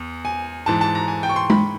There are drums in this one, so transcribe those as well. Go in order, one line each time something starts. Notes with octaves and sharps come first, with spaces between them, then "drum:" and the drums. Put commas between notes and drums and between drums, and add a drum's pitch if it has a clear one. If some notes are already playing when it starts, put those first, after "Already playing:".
Already playing: E2
G#5
G#2 E3 A5
A5
A#5
G#5
G5
C#6
C6
B5, drum: tom G#3